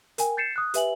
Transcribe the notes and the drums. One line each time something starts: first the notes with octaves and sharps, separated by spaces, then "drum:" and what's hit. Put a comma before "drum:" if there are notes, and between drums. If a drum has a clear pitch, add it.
A#4 G5 G#5, drum: hi-hat
G6 A6 C7 C#7 E7
D#6 F#6
G4 B4 E5 G#5 F#7, drum: hi-hat